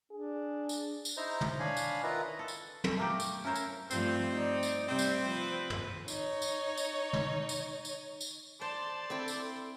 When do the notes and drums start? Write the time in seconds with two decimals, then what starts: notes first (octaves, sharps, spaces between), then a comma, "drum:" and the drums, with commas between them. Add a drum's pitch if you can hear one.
0.12 D4 G#4
0.69 drum: tambourine
1.05 drum: tambourine
1.17 D#4 E4 C5 A#5
1.41 drum: tom
1.60 D4 C#5 F5 G#5 B5
1.77 drum: tambourine
2.03 D#3 E4 F4 B4 D#5 A#5
2.39 A4
2.48 drum: tambourine
2.84 drum: tom
2.97 A3 A#3 G4
3.20 drum: tambourine
3.44 C#4 E4 A#4 C5 C#5
3.55 drum: tambourine
3.91 G2 F3 A3 C4, drum: tambourine
4.32 D#4 D5
4.63 drum: tambourine
4.88 C3 G3 C4
4.99 drum: tambourine
5.27 F3 B4
5.70 drum: tom
6.08 D#4 C#5, drum: tambourine
6.42 drum: tambourine
6.77 drum: tambourine
7.13 drum: tom
7.49 drum: tambourine
7.85 drum: tambourine
8.21 drum: tambourine
8.61 C5 D5 A5 C6
9.10 C4 E4 A4 G5
9.28 drum: tambourine